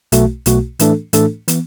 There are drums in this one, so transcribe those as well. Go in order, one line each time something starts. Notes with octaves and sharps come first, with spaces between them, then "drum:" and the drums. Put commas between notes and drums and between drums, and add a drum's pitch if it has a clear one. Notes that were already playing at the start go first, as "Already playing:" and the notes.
B1 B2 A3 F#4, drum: hi-hat
B1 B2 A3 F#4, drum: hi-hat
A2 E3 A3 D4 A4, drum: hi-hat
A2 E3 A3 D4 A4, drum: hi-hat
E3 B3, drum: hi-hat